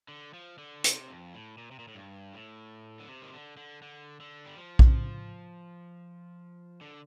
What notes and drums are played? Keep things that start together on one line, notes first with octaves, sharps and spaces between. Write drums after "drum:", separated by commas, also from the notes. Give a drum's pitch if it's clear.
D3
F3
D3
C3, drum: hi-hat
F2
A2
A#2
C3
A#2
A2
G2
A2
D3
C3
D#3
D3
D3
D3
D3
G3
F3
drum: kick A#1
D3